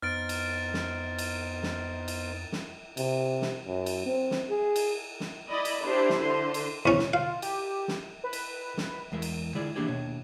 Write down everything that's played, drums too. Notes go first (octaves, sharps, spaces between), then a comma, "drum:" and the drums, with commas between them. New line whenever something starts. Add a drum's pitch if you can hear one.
F2 B3 D#4 C5 F6 A6 D7
drum: cymbal
drum: snare
drum: cymbal
drum: snare
drum: cymbal
drum: snare
C3, drum: cymbal
drum: snare
F#2
drum: cymbal
C4
drum: snare
G#4
drum: cymbal
drum: snare
E4 D5 D#5 B5
drum: cymbal
D4 E4 G4 C5
drum: snare
D3 C5 C6
drum: cymbal
E2 C#4
drum: snare
F4 F5
G4, drum: cymbal
drum: snare
B4
drum: cymbal
drum: snare
E2 G#3 A#4 E5
drum: cymbal
D3 G#3 E4 F4 G#4 D5
E3 A#3 D4 E4 G4 G#4
D#2 B2 D4 C#5